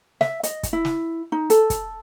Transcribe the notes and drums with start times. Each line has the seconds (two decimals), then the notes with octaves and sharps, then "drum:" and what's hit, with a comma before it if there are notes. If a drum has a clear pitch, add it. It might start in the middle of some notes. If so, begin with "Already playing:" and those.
0.21 E5, drum: snare
0.43 D#5, drum: hi-hat
0.63 drum: kick, hi-hat
0.73 E4
0.85 drum: snare
1.32 D#4
1.50 A4, drum: hi-hat
1.70 drum: kick, hi-hat